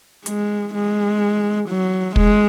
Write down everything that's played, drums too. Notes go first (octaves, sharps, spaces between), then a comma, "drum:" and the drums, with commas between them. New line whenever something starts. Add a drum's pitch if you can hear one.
G#3, drum: hi-hat
G#3
F#3
G#3, drum: kick